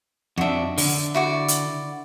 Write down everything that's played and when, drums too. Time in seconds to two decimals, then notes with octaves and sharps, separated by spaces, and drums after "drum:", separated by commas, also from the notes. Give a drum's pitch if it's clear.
0.38 F2 D4 F#4 E5
0.78 D3, drum: open hi-hat
1.14 E4 F#4 D5
1.48 drum: hi-hat